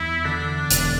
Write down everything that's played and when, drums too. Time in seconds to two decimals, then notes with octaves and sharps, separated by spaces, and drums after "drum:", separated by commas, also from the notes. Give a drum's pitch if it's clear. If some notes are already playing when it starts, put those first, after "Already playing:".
Already playing: E2 E4
0.25 D3 D4
0.71 E1, drum: hi-hat